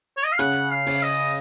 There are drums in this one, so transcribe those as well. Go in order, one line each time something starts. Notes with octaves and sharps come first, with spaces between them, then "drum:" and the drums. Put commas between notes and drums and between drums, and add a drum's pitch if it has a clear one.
C#5
D#5
F5
C#3 F#5, drum: hi-hat
F5
C#3, drum: open hi-hat
D#5